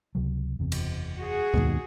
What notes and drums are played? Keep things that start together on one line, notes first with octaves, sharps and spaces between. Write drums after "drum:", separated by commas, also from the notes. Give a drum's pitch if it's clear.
C#2 C3 F#3
F#1 E2 C3
drum: cymbal
F#4 G#4
D#2 G#2 B2, drum: kick C#2